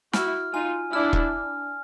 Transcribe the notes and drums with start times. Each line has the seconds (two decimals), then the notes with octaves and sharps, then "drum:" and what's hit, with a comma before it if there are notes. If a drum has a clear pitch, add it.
0.13 E4 F#4 F6, drum: snare
0.53 D#4 F4 G#5
0.93 D4 E4 F6
1.13 drum: kick E1